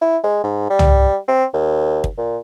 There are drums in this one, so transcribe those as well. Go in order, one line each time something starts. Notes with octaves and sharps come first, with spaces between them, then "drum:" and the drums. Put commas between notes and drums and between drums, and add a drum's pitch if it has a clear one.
E4
G#3
G#2
G3
drum: tom
C4
D#2
drum: kick
A#2